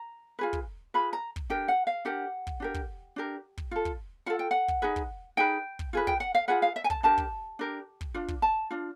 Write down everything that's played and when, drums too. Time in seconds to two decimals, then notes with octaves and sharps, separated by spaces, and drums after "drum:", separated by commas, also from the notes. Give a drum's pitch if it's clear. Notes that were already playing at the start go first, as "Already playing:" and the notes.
Already playing: A#5
0.39 F4 G#4 B4
0.53 drum: kick
0.94 F4 G#4 B4 B5
1.13 A#5
1.36 drum: kick
1.50 D4 G4 A#4 G5
1.68 F#5
1.87 F5
2.05 D4 G4 A#4 F#5
2.47 drum: kick
2.60 D4 G4 A#4
2.74 drum: kick
3.16 D4 G4 A#4
3.58 drum: kick
3.71 F4 A4
3.85 drum: kick
4.26 F4 A4 F#5
4.39 G5
4.51 F#5
4.68 drum: kick
4.82 D#4 G#4 B4
4.96 drum: kick
5.37 D#4 G#4 B4 G5
5.79 drum: kick
5.93 F4 G#4 B4
6.07 G5, drum: kick
6.20 F#5
6.35 F5
6.48 F4 G#4 B4 F#5
6.62 F5
6.76 E5
6.84 G#5
6.90 A5, drum: kick
7.03 D4 G4 A#4 A5
7.18 drum: kick
7.59 D4 G4 A#4
8.01 drum: kick
8.14 D4 F4
8.28 drum: kick
8.42 A5
8.71 D4 F4